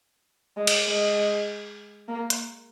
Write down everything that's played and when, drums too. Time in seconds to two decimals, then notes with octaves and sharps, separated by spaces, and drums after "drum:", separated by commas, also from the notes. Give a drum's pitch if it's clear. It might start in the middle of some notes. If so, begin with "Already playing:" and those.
0.56 G#3
0.67 drum: cymbal
0.87 G#3
2.08 A#3
2.30 drum: hi-hat